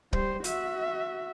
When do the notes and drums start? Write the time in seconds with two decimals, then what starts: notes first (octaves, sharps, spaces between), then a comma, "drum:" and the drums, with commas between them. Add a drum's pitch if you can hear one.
0.13 G3 C5, drum: kick
0.44 F#4 E5, drum: hi-hat